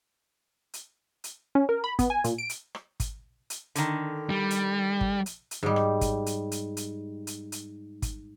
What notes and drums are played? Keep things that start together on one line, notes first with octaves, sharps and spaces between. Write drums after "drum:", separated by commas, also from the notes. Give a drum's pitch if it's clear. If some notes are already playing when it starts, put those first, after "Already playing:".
drum: hi-hat
drum: hi-hat
C#4
A#4
B5
B3, drum: kick, hi-hat
G#5
A#2, drum: hi-hat
D7
drum: hi-hat
drum: rim click
drum: kick, hi-hat
drum: hi-hat
D3 D#3, drum: hi-hat
G3
drum: hi-hat
drum: kick
drum: hi-hat
drum: hi-hat
G#2 G3
drum: rim click
drum: kick, hi-hat
drum: hi-hat
drum: hi-hat
drum: hi-hat
drum: hi-hat
drum: hi-hat
drum: kick, hi-hat